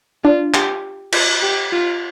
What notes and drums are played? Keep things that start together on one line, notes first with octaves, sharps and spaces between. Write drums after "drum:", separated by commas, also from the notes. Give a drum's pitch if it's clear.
D4 F4
G4, drum: clap
F4, drum: cymbal
G4
F4